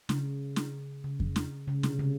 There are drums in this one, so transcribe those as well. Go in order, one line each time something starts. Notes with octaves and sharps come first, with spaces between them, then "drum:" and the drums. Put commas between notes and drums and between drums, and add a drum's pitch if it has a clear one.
C#3, drum: snare
drum: snare
C#3
drum: kick F2
drum: snare
C#3
C3, drum: snare
C#3